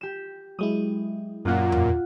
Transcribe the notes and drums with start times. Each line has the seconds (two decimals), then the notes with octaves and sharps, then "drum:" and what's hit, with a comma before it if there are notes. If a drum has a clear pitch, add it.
0.01 G4 E7
0.59 F#3 G#3 E4 D#6
1.45 F#2 A#2 F4 F#5
1.72 drum: tom E2